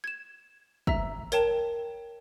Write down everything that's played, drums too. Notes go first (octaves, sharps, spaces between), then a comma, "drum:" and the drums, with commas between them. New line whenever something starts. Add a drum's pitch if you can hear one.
G#6 E7
E5 A#5 E6, drum: kick
A#4 C#5 G5 A5, drum: hi-hat